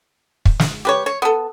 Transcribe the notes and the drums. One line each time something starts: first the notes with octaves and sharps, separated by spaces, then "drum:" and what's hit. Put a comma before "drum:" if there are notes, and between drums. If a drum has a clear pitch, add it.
drum: kick
drum: snare
G4 B4 C#5
C#5
B3 A4